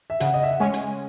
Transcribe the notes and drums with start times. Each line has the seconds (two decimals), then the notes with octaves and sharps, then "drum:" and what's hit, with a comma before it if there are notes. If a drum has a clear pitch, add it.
0.10 E5
0.20 C#3 F#5, drum: hi-hat
0.34 D#5
0.43 E5
0.51 F#5
0.60 G#3 C#4 G#5
0.74 drum: hi-hat